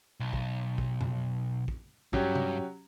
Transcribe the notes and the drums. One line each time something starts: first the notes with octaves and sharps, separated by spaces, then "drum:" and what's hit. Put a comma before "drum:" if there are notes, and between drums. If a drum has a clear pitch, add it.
B1
drum: kick
drum: kick
drum: tom F2
drum: kick
C2 G2 F#3 C#4 G4, drum: kick
drum: tom C3